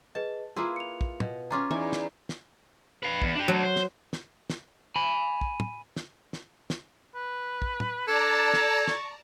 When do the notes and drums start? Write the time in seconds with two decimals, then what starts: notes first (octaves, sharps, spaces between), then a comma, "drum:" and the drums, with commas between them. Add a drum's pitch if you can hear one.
0.15 G#4 B4 D#5 A5
0.56 A#3 E4 F4 G#4 B4 C6 E6
0.76 C#7 F7
1.01 drum: kick
1.20 B2, drum: tom
1.51 C#4 F4 G#4 A#5 D6
1.71 E2 D#4 E4 G#5
1.93 drum: snare
2.29 drum: snare
3.03 B4 F5
3.22 E2, drum: kick
3.35 D4 G4
3.48 D3 F#3 A3
3.63 C5
3.76 drum: snare
4.13 drum: snare
4.50 drum: snare
4.96 G#5 B5
5.41 drum: kick
5.60 drum: tom
5.96 drum: snare
6.33 drum: snare
6.70 drum: snare
7.15 B4
7.62 drum: kick
7.80 drum: tom
8.08 D4 A4 D5 A5 A#5 G#6
8.54 drum: snare
8.87 C#6, drum: snare